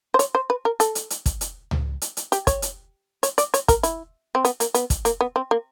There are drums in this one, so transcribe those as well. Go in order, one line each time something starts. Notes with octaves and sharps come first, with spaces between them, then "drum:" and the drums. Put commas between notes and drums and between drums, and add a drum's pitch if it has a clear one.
C5
C#5, drum: hi-hat
C5
B4
A#4
A4, drum: hi-hat
drum: hi-hat
drum: hi-hat
drum: kick, hi-hat
drum: hi-hat
drum: tom C#2
drum: hi-hat
drum: hi-hat
G4, drum: hi-hat
C#5, drum: kick, hi-hat
drum: hi-hat
C#5, drum: hi-hat
D5, drum: hi-hat
C#5, drum: hi-hat
A#4, drum: kick, hi-hat
E4, drum: hi-hat
C4
B3, drum: hi-hat
A#3, drum: hi-hat
B3, drum: hi-hat
drum: kick, hi-hat
A#3, drum: hi-hat
B3
C4
A#3